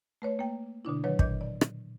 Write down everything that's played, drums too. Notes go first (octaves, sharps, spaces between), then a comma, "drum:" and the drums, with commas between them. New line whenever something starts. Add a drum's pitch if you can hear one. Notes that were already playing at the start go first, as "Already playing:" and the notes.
A3 B4 C#5
A#3 G5
B2 D3 D4 E4
D#3 F#3 B4 C#5
A#2 D#5 G6, drum: kick
D5
drum: rim click